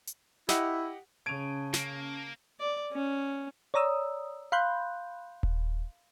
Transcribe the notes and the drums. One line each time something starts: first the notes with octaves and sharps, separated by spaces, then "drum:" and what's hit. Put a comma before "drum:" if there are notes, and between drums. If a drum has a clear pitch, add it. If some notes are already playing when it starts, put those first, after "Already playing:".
drum: hi-hat
E4 G4 D#5 F#5, drum: snare
C#3 C#4 A5 G#6 D7 D#7
A#3, drum: snare
D5
C#4
C#5 D5 A#5 D#6 E6
F5 B5 C6 F#6 G6
drum: kick D#1